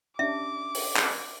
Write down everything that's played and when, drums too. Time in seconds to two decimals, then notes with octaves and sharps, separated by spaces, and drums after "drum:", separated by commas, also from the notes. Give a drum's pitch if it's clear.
0.19 C#4 D4 G4 E5 D6
0.75 drum: open hi-hat
0.96 drum: clap